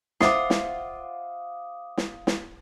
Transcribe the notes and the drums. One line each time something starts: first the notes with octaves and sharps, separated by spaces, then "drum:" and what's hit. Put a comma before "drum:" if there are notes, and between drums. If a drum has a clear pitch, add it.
F4 C5 E5 F#5 D6 D#6 C7, drum: snare
drum: snare
drum: snare
drum: snare